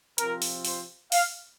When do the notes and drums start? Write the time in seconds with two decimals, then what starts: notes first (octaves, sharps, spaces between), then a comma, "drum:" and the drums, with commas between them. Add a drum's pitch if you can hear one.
0.18 C3 F3 C4 F4 A#4, drum: hi-hat
0.42 drum: open hi-hat
0.65 C5, drum: open hi-hat
1.12 F5, drum: open hi-hat